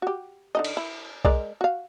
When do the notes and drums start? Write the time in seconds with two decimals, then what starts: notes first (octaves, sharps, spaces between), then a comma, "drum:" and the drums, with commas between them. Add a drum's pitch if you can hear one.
0.02 F#4 G4
0.55 D3 D#4 D#5
0.64 drum: cymbal
0.77 E4
1.25 G#3 A#4 D5, drum: kick B1
1.61 F#4 F5